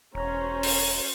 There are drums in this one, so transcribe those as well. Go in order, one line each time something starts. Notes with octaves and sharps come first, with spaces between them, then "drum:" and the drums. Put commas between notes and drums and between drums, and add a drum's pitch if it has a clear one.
E1 C#4 F#4 C5 C#5 A#5
drum: open hi-hat